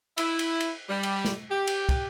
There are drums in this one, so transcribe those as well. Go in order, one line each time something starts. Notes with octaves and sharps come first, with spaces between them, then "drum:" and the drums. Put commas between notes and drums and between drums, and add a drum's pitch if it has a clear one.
E4, drum: cymbal
drum: cymbal
drum: cymbal
G3
drum: cymbal
drum: snare
G4
drum: cymbal
drum: kick, cymbal